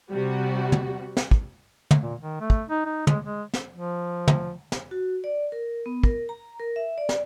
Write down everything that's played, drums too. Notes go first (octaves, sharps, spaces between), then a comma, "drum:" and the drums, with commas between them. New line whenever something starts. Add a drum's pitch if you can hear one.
C3 G3 F#4
drum: tom
drum: snare
drum: kick
drum: tom
A#2
D#3
A3
drum: kick
D#4
D#4
G#3, drum: tom
G#3
drum: snare
F3
drum: tom
drum: snare
F#4
D5
A#4
B3
A#4, drum: kick
A#5
A#4
E5
D5
drum: snare